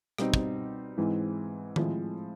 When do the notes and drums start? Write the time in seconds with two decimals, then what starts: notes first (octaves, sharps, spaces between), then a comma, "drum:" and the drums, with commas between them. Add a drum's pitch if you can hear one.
0.18 B2 G3 C4 D#4, drum: rim click
0.34 drum: kick
0.97 G#2 E3 G#3 C4 E4
1.76 A2 F3 G#3 C4 E4, drum: tom D#3